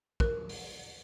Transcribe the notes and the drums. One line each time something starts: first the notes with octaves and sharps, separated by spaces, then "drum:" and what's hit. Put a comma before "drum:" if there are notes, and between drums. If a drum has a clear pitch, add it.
A#4, drum: kick
drum: open hi-hat